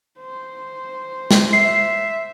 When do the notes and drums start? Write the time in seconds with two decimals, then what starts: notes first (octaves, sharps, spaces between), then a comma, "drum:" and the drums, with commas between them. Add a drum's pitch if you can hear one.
0.19 C5
1.31 drum: snare
1.53 E5 C7